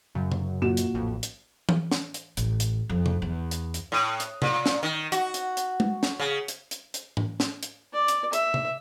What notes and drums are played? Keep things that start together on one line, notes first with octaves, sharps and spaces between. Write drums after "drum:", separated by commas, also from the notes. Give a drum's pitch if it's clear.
F#2 C#3 F#3
drum: tom C3
A#2 F#4 E7
drum: hi-hat
A1 F2
drum: hi-hat
drum: tom E3
drum: snare
drum: hi-hat
A1, drum: hi-hat
drum: hi-hat
F2
drum: tom C3
E2
drum: hi-hat
drum: hi-hat
A2
drum: hi-hat
A#2, drum: tom C3
drum: snare
D#3
F#4, drum: hi-hat
drum: hi-hat
drum: hi-hat
drum: tom G#3
drum: snare
C#3
drum: hi-hat
drum: hi-hat
drum: hi-hat
drum: tom G#2
drum: snare
drum: hi-hat
D5
drum: hi-hat
E5, drum: hi-hat
drum: tom C3